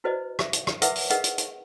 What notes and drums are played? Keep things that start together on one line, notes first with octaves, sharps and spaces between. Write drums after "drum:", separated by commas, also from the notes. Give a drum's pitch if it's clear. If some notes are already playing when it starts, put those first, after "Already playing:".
E4 F#4 B4 C5 D5 D#5
E5, drum: rim click
drum: hi-hat
drum: rim click
E4 A#4 B4 E5 F#5 D6, drum: hi-hat
drum: open hi-hat
G#4 A#4 B4 D#5 F5 F#5, drum: hi-hat
drum: hi-hat
drum: hi-hat